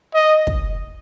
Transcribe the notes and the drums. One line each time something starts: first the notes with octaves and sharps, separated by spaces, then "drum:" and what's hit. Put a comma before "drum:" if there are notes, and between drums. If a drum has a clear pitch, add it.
D#5
drum: kick